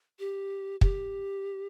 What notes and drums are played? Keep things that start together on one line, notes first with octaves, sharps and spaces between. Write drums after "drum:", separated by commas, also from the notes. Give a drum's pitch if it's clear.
G4
G4, drum: kick